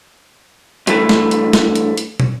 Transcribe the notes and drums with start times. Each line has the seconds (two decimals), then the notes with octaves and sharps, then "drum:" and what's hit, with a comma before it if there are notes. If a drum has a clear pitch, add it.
0.87 G2 E3 A3, drum: hi-hat
1.09 drum: snare
1.31 drum: hi-hat
1.53 drum: snare
1.75 drum: hi-hat
1.98 drum: hi-hat
2.20 drum: tom